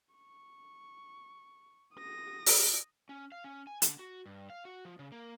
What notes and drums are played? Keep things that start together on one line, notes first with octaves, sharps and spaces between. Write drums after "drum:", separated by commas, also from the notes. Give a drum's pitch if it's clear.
C#6
D#6 A#6
drum: open hi-hat
C#4
F5
C#4
G#5
D3, drum: hi-hat
F#4
G2
F5
F#4
F3
C#3
A#3